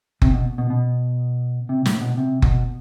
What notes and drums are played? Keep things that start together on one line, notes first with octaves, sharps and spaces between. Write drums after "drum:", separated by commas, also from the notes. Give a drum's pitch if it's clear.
C3, drum: kick F#1
B2
B2
B2
C3
A2, drum: snare
B2
C3
B2, drum: kick F#1